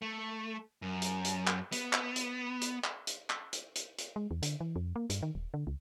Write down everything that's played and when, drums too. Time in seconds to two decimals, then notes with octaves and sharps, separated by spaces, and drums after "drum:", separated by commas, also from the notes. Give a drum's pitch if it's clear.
0.02 A3
0.82 F#2
1.02 drum: hi-hat
1.25 drum: hi-hat
1.47 drum: clap
1.72 B3, drum: hi-hat
1.93 drum: clap
2.16 drum: hi-hat
2.61 drum: hi-hat
2.84 drum: clap
3.07 drum: hi-hat
3.30 drum: clap
3.53 drum: hi-hat
3.75 drum: hi-hat
3.98 drum: hi-hat
4.16 G#3
4.31 E2
4.42 D3, drum: hi-hat
4.61 E3
4.76 F2
4.96 A#3
5.10 G2, drum: hi-hat
5.23 D#3
5.35 D#1
5.54 D3
5.67 C#2